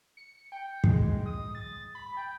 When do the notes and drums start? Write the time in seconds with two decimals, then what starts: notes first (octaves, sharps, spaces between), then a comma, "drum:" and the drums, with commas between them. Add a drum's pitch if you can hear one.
0.17 C#7
0.52 G5
0.84 G#3, drum: kick
1.26 D#6
1.55 A6
1.95 B5
2.17 G5